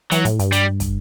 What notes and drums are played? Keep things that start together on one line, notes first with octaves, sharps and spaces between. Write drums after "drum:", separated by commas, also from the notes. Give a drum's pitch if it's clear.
E3 F#3, drum: hi-hat
A2, drum: hi-hat
G2, drum: hi-hat
G3, drum: hi-hat
drum: kick, hi-hat